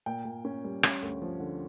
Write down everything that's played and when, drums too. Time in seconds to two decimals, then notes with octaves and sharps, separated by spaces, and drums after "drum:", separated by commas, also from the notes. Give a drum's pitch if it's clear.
0.06 A#2 G5
0.25 A#2
0.45 C#4
0.64 G3
0.83 C#4, drum: rim click
1.02 D2
1.22 F3
1.40 D3